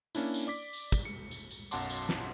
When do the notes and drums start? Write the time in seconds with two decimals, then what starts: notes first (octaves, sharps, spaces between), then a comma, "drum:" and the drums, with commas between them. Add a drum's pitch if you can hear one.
0.15 A#3 C#4 D4 E4, drum: tambourine
0.34 drum: tambourine
0.47 D5 D6 B6
0.73 drum: tambourine
0.92 drum: kick, tambourine
1.05 C#7
1.31 drum: tambourine
1.51 drum: tambourine
1.71 B1 F#2 F#5 A5 C6 D6, drum: tambourine
1.90 drum: tambourine
2.09 drum: snare